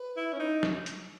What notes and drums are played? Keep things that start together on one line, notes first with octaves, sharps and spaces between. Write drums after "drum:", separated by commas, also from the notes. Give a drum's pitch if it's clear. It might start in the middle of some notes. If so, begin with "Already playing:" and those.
Already playing: B4
E4
C#4
D#4
drum: snare
drum: hi-hat